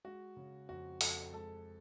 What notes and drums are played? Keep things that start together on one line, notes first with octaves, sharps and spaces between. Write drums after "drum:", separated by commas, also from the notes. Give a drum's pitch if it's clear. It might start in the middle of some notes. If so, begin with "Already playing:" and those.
G#3 F#4
C#3
F2 F#4
F2 A4, drum: open hi-hat
G#3 A4